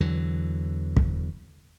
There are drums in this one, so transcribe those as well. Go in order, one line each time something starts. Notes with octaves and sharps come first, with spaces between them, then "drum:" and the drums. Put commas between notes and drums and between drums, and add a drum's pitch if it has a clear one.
E2 D3 E3 F#3
drum: kick